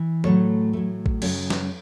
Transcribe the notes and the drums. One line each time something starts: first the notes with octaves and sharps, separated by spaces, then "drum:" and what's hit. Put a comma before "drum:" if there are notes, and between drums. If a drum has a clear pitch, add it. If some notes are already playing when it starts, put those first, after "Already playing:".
Already playing: E3
A2 F#3 A3 A4 C#5, drum: tom D#3
A2 F#3 A3
drum: kick A1
F#2 C#3 F#3 A4 C#5, drum: cymbal
drum: snare